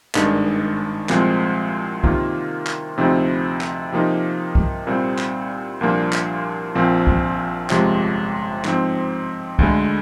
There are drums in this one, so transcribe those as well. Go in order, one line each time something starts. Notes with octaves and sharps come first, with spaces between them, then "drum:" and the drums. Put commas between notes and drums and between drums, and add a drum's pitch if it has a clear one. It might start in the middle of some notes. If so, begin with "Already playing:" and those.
G#1 G2 D#3 G#3 D4, drum: clap
C2 A#2 F3 G#3 C4, drum: clap
C3 D#3 A#3 F4, drum: kick C2
drum: clap
D2 C3 F3 C4 D#4
drum: clap
C3 F3 A#3 D#4
drum: kick C2
C2 A#2 G3 C4
drum: clap
C2 A#2 F3 A#3 D4
drum: clap
A#1 A#2 F3 C4
drum: kick C2
G1 F2 C3 F3 G#3, drum: clap
G#2 F3 C4, drum: clap
D2 D3 G#3, drum: kick C2